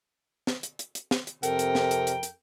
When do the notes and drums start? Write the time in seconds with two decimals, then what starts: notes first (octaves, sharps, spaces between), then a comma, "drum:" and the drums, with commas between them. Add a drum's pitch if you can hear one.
0.47 drum: snare
0.63 drum: hi-hat
0.79 drum: hi-hat
0.95 drum: hi-hat
1.11 drum: snare
1.27 drum: hi-hat
1.43 F2 C3 A4 A#4 G5, drum: hi-hat
1.59 drum: hi-hat
1.75 drum: snare
1.91 drum: hi-hat
2.07 drum: hi-hat
2.23 drum: hi-hat